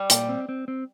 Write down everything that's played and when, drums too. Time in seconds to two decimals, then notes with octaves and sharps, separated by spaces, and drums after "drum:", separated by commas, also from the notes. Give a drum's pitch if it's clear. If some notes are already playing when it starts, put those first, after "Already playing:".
Already playing: G3
0.10 A#2, drum: hi-hat
0.29 C4
0.49 C4
0.68 C4